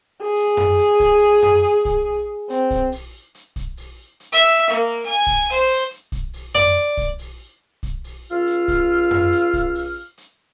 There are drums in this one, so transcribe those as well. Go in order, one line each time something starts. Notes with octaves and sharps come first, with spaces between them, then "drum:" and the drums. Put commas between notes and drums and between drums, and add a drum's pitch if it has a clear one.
G#4
drum: open hi-hat
drum: tom F#2
drum: hi-hat
drum: kick, hi-hat
drum: open hi-hat
drum: tom F#2
drum: hi-hat
drum: kick, hi-hat
C4, drum: hi-hat
drum: kick, hi-hat
drum: open hi-hat
drum: hi-hat
drum: kick, hi-hat
drum: open hi-hat
drum: hi-hat
E5
A#3
G#5, drum: hi-hat
drum: kick, hi-hat
C5
drum: hi-hat
drum: kick, hi-hat
drum: open hi-hat
D5, drum: tom F#2
drum: hi-hat
drum: kick, hi-hat
drum: open hi-hat
drum: kick, hi-hat
drum: open hi-hat
C#2 F4 F5 E6 F6
drum: hi-hat
drum: kick, hi-hat
drum: tom F#2
drum: hi-hat
drum: kick, hi-hat
drum: open hi-hat
drum: hi-hat